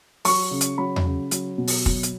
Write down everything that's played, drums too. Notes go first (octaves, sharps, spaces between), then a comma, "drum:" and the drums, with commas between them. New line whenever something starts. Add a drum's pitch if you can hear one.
F#3 C#6, drum: open hi-hat
C#3
drum: hi-hat
F#3 B5
drum: tom E2
C#3
F#3, drum: hi-hat
B2
drum: open hi-hat
F#3, drum: kick
drum: hi-hat